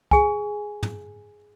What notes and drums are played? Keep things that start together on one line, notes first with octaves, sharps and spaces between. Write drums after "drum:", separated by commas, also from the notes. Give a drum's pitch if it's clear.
G#4 G#5, drum: kick
drum: tom